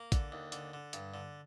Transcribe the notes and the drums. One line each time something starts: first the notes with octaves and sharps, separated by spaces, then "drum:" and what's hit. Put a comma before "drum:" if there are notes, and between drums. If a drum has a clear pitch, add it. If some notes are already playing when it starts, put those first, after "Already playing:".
Already playing: A#3
D3, drum: kick, hi-hat
D#2
D3, drum: hi-hat
D3
G2, drum: hi-hat
D3